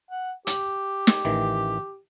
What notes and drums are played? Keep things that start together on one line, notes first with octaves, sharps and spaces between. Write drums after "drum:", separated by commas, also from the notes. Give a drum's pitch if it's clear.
F#5
G4, drum: hi-hat
drum: snare
A1 D#3 E3